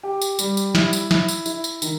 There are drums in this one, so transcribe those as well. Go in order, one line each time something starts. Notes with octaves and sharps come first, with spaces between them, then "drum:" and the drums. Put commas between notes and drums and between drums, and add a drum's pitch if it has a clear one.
G4
drum: tambourine
G3, drum: tambourine
drum: tambourine
E4, drum: snare
drum: tambourine
E4, drum: snare
drum: tambourine
E4, drum: tambourine
drum: tambourine
D#3, drum: tambourine